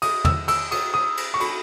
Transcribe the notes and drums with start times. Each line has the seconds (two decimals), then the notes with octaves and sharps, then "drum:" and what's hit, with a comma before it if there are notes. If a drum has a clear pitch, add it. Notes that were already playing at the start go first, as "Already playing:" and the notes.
0.02 D#6, drum: cymbal
0.25 E6, drum: tom
0.48 E6, drum: cymbal
0.71 D#6, drum: cymbal
0.94 D#6
1.17 drum: cymbal
1.34 C#6
1.40 B5, drum: cymbal